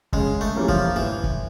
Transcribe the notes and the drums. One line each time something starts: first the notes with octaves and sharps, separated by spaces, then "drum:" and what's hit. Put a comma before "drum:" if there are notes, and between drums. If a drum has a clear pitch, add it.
C#3 G#3, drum: kick
A3
E3 G3 A#3 C#4
F3, drum: kick
A2 E3
drum: kick